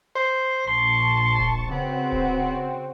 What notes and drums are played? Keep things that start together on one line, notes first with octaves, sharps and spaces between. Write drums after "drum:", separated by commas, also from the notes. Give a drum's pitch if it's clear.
C5
A#1 A5 C6 C#6
drum: kick D1
C#3 B3 C4 F#4
drum: kick D1